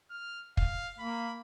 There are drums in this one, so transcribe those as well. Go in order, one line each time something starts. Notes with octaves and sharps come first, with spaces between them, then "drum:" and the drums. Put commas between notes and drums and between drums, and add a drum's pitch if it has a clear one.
F6
F5, drum: kick
A#3 B5